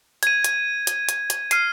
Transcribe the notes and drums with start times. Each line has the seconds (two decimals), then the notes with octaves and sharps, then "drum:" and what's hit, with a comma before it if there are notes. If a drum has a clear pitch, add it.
0.23 G#6 D#7, drum: hi-hat
0.44 drum: hi-hat
0.87 drum: hi-hat
1.09 drum: hi-hat
1.30 drum: hi-hat
1.51 F6 C7 D#7, drum: hi-hat